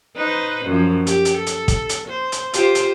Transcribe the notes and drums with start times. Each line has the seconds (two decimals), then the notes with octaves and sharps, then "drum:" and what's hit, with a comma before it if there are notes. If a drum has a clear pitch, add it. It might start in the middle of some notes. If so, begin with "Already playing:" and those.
0.16 D#4 B4 C5
0.65 F#2 F3
1.07 G4, drum: hi-hat
1.25 drum: hi-hat
1.37 A4
1.47 drum: hi-hat
1.68 drum: kick, hi-hat
1.89 drum: hi-hat
2.07 C5
2.32 drum: hi-hat
2.54 F4 G4 C5, drum: hi-hat
2.75 drum: hi-hat